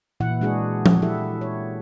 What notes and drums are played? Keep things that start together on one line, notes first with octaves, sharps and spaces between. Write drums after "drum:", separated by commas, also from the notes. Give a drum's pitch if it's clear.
A#2 E3 E4 F#5
G#3 D4 F#4 G#4
drum: tom F3
E4 G4 A4 E5 F#5
C#5